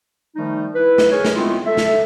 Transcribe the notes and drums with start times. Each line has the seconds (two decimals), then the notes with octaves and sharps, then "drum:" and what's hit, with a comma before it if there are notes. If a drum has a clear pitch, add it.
0.36 D#3 F3 G3 A3 D#4
0.75 E4 B4
0.98 drum: snare
1.11 G#4 A#4 B4 C#5
1.25 drum: snare
1.36 G#3 A3 B3 C4 E4 F4
1.66 A4 E5
1.77 drum: snare